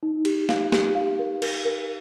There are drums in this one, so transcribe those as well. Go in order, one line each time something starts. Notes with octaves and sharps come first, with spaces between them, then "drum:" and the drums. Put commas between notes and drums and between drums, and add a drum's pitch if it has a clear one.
D#4
G4, drum: cymbal
F5, drum: snare
G4, drum: snare
F5
A#4
A#4, drum: cymbal
A#4